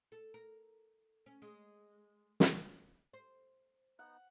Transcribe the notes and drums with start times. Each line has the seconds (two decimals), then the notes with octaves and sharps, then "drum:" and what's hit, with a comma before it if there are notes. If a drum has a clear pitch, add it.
0.12 A4
0.34 A#4
1.26 C#4
1.42 G#3
2.40 drum: snare
3.13 C5
3.99 B3 D#4 F#5